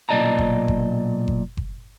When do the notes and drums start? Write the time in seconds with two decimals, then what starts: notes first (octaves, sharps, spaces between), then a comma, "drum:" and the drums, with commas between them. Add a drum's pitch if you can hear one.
0.09 B1 A#2 D5 D#5 A5 A#5
0.38 drum: kick F#1
0.68 drum: kick F#1
1.28 drum: kick F#1
1.57 drum: kick F#1